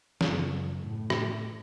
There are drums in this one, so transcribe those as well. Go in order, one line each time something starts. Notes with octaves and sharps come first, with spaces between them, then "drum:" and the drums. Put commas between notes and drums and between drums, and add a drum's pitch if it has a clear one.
F#1, drum: snare
A2
drum: rim click